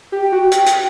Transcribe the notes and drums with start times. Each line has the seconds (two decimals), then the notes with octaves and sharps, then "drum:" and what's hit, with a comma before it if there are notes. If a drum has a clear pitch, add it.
0.12 G4
0.22 G5
0.32 F#4
0.51 drum: hi-hat
0.66 drum: hi-hat